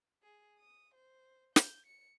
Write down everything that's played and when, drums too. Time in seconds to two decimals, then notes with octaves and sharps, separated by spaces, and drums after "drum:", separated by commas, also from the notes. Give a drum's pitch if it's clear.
0.23 G#4
0.59 D#6
0.95 C5
1.56 G6, drum: snare
1.86 C#7